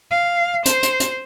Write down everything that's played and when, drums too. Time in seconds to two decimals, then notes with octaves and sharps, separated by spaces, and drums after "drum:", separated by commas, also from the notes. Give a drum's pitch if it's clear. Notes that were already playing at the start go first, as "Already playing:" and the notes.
0.11 F5
0.66 C5, drum: hi-hat
0.83 drum: hi-hat
1.00 drum: hi-hat